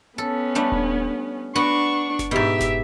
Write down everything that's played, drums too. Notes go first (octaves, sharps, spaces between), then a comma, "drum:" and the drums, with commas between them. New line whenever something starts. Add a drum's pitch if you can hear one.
B3 C#4 A4
G3 A3 D4
drum: kick D#1
B3 D4 F#4 C#6
drum: snare F#1
G#2 B2 G4 E5
drum: snare F#1